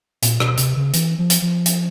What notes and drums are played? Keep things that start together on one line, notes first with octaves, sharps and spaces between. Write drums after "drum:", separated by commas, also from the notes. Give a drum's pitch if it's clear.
A#2, drum: hi-hat
B2, drum: rim click
C3, drum: hi-hat
C#3
E3, drum: hi-hat
F3
drum: hi-hat
F3
drum: hi-hat